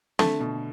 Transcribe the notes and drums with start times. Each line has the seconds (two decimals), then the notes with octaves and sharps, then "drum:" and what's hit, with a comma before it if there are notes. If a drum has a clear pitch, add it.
0.19 D3 A3, drum: snare
0.40 B2